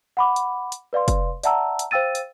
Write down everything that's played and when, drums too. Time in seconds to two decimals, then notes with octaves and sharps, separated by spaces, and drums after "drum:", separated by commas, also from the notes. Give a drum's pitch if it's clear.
0.17 F#5 B5 D6
0.36 drum: hi-hat
0.72 drum: hi-hat
0.93 B4 D5 F5 C6
1.08 drum: kick, hi-hat
1.44 D5 E5 F#5 A5 A#5 E6, drum: hi-hat
1.79 drum: hi-hat
1.91 C5 F5 G5 E6 A6 D#7
2.15 drum: hi-hat